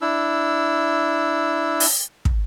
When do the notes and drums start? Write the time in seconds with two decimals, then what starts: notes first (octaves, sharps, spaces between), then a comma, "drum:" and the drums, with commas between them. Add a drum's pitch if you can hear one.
0.01 D4 E4 E6
1.80 drum: open hi-hat
2.25 drum: kick